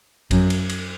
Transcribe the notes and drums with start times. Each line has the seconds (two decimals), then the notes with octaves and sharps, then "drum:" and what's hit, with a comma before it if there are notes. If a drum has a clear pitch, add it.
0.31 F#2, drum: kick A1, cymbal
0.50 drum: cymbal
0.69 drum: cymbal